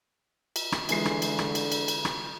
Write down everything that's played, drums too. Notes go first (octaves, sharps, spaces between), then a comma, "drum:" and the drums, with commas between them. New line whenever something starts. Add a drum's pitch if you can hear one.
drum: cymbal
drum: rim click
D3 E3 G#3 C7, drum: cymbal
drum: rim click
drum: cymbal
drum: rim click
drum: cymbal
drum: cymbal
drum: cymbal
drum: rim click